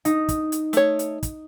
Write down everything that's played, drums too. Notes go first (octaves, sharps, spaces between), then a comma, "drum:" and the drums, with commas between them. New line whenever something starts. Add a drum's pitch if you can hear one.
D#4, drum: hi-hat
drum: kick, hi-hat
drum: hi-hat
A3 C#5, drum: hi-hat
drum: hi-hat
drum: kick, hi-hat